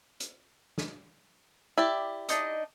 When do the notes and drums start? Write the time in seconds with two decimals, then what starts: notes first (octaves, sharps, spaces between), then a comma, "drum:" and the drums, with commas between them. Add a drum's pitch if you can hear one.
0.20 drum: hi-hat
0.78 drum: snare
1.78 E4 G4 D5
2.29 D4 D#4 D#5, drum: hi-hat